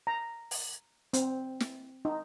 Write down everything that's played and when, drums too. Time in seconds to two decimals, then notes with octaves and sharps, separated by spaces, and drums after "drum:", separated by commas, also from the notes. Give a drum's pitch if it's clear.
0.07 A#5
0.51 drum: open hi-hat
1.13 C4, drum: hi-hat
1.60 drum: snare
2.05 D#4